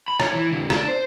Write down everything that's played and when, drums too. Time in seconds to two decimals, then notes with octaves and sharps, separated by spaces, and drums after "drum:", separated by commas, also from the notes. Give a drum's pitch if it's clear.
0.08 B5
0.20 C#5, drum: rim click
0.33 E3
0.52 F2 D3
0.70 D4, drum: rim click
0.88 C5